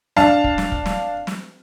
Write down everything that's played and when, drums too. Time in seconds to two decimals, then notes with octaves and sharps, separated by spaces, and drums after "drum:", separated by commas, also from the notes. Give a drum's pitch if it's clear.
0.16 D4 F5 A5, drum: snare
0.44 drum: kick
0.58 drum: snare
0.72 drum: kick
0.86 drum: snare
1.27 drum: snare